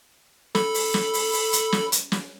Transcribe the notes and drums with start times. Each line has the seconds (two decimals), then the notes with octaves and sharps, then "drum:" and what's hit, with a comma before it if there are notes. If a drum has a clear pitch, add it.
0.55 A4 B5, drum: snare
0.74 drum: open hi-hat
0.94 drum: snare
1.14 drum: open hi-hat
1.33 drum: open hi-hat
1.53 drum: hi-hat
1.72 drum: snare
1.92 drum: hi-hat
2.12 drum: snare